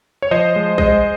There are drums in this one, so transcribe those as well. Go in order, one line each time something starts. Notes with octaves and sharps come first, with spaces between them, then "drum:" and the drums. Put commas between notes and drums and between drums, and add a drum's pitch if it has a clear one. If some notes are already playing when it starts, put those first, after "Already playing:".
C#5
F3 C5 D#5
G#3
G#3 C5 D#5, drum: kick